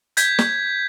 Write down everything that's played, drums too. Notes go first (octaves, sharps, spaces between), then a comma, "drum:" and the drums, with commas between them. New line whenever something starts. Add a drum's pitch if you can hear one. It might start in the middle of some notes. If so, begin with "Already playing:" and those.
G6 G#6 B6, drum: hi-hat
drum: snare